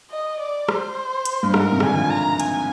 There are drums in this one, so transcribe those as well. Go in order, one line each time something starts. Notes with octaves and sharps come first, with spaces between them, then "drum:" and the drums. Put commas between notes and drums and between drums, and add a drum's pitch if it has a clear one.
D#5
D5
C5, drum: rim click
drum: hi-hat
G2
G#2 A#4, drum: rim click
C3
D3 G#5, drum: rim click
D#3
F3
A#5
G#5, drum: hi-hat